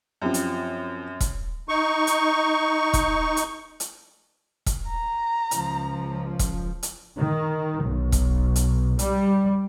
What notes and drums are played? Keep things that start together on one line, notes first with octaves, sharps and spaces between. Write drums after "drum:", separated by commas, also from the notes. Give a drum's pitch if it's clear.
F#2 F3 C4 G4
drum: hi-hat
drum: kick E1, hi-hat
D#4 C#6
drum: hi-hat
drum: kick E1, hi-hat
drum: hi-hat
drum: hi-hat
drum: kick E1, hi-hat
A#5
C#2 F3, drum: hi-hat
drum: kick E1, hi-hat
drum: hi-hat
D#3
B1
drum: kick E1, hi-hat
drum: hi-hat
G3, drum: hi-hat